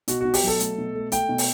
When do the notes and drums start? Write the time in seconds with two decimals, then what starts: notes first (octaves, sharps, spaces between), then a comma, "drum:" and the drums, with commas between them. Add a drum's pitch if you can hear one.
0.08 B2 F#4, drum: hi-hat
0.21 B2 F#4
0.34 G4, drum: open hi-hat
0.43 F#3 A4
0.60 A3, drum: hi-hat
0.78 B2
0.96 A3
1.12 A3 G5, drum: hi-hat
1.29 B2
1.38 drum: open hi-hat